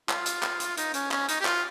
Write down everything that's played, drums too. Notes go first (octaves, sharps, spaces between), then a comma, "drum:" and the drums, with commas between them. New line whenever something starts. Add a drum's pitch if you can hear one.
F4, drum: clap
drum: hi-hat
drum: clap
drum: hi-hat
D#4, drum: hi-hat
C#4, drum: hi-hat
C#4, drum: clap
D#4, drum: hi-hat
G4
F4, drum: clap